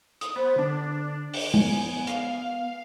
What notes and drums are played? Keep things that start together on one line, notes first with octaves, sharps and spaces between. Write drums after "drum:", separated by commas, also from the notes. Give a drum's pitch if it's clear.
D#6, drum: hi-hat
B3 C5
D3 D4
drum: open hi-hat
B3 G#5, drum: tom
F5, drum: hi-hat